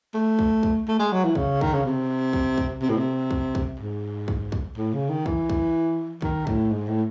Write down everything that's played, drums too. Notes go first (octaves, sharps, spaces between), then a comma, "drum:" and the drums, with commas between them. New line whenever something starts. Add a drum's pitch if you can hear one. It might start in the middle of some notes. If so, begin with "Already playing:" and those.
A3
drum: kick
drum: kick
A3
G#3
F#3
E3
C#3, drum: kick
D#3, drum: kick
C#3
C3
drum: kick
drum: kick
C3
A2
C3
drum: kick
drum: kick
G#2
drum: kick
drum: kick
A2
C#3
D#3
E3, drum: kick
drum: kick
D#3, drum: kick
A2, drum: kick
G#2
A2